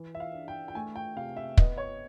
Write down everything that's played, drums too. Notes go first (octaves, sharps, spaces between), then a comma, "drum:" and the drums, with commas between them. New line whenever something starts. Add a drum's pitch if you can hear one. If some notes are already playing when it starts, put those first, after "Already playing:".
Already playing: E3
E5
F5
D4
G5
G5
A3 G#5
G5
C3 F5
E5
B3 D#5, drum: kick
C#5